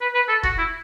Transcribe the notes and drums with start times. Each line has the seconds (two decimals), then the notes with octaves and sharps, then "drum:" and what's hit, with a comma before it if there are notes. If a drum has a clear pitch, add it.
0.01 B4
0.14 B4
0.28 A4
0.43 F#4, drum: kick E1
0.58 E4